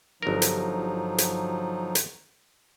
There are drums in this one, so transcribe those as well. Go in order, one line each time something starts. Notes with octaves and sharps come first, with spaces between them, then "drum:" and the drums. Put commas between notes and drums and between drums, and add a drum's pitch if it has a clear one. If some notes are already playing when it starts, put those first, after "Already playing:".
G1 F3 F#3 D#4 A#4
drum: hi-hat
drum: hi-hat
drum: hi-hat